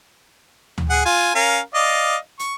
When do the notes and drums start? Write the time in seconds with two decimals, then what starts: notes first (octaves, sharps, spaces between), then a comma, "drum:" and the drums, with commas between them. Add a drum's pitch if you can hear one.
0.78 drum: tom D2
0.90 G#4 F#5
1.05 F4 G#5
1.35 C#4 A#4 F5
1.74 D5 D#5 F5
2.39 C#6, drum: hi-hat